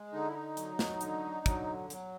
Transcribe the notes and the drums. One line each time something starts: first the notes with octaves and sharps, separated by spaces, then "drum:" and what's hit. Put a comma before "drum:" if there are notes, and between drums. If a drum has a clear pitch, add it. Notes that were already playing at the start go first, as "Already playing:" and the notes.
Already playing: G#3
D3 D#4
E4
D#4
F#3, drum: hi-hat
drum: snare
D3, drum: hi-hat
F#3, drum: kick, hi-hat
F#3, drum: hi-hat